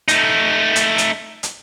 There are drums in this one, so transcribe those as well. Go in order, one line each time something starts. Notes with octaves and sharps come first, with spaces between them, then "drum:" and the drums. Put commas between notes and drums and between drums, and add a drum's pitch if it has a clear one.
A3 D#4, drum: hi-hat
drum: hi-hat
drum: hi-hat
drum: hi-hat